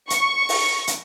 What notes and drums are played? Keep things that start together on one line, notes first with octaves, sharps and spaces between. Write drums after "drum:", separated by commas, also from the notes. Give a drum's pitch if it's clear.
C#6, drum: hi-hat
drum: open hi-hat
drum: hi-hat